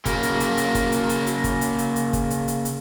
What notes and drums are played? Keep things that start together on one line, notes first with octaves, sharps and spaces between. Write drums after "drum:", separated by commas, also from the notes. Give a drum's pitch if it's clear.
C#3 A#3, drum: kick, hi-hat
drum: hi-hat
drum: hi-hat
drum: hi-hat
drum: kick, hi-hat
drum: hi-hat
drum: hi-hat
drum: hi-hat
drum: kick, hi-hat
drum: hi-hat
drum: hi-hat
drum: hi-hat
drum: kick, hi-hat
drum: hi-hat
drum: hi-hat
drum: hi-hat